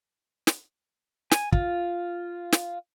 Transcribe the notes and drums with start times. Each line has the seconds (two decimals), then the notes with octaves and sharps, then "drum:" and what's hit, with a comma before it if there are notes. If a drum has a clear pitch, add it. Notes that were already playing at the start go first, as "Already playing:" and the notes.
0.47 drum: snare
1.32 G#5, drum: snare
1.52 F4, drum: kick
2.52 drum: snare